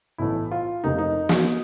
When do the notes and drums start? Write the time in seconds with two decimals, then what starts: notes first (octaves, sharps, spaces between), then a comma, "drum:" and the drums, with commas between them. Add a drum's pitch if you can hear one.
0.18 B1 A2 E3 A3 E4
0.51 F4
0.84 F1 F2 C3 F3 A#3 D#4
0.98 D#4
1.29 drum: snare